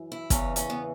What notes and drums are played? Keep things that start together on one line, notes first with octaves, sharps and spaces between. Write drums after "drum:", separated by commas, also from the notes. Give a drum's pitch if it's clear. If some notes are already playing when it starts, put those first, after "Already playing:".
Already playing: F#2 E3
E4
E2 C#3 E3 C#4, drum: kick, hi-hat
C#4, drum: hi-hat
B3